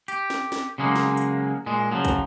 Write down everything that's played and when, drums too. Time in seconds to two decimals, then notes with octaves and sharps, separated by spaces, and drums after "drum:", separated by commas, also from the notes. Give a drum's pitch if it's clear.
0.08 G4, drum: hi-hat
0.30 drum: snare
0.52 drum: snare
0.78 C#3 F#3 G#3 A#3
0.96 drum: snare
1.17 drum: hi-hat
1.66 A#2 G#3
1.91 C#3 F3 F#3
2.05 drum: kick, hi-hat